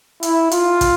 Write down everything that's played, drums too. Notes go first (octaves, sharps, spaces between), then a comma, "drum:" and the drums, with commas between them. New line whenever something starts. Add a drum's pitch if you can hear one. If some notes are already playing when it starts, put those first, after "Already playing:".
E4, drum: hi-hat
F4, drum: hi-hat
drum: kick, hi-hat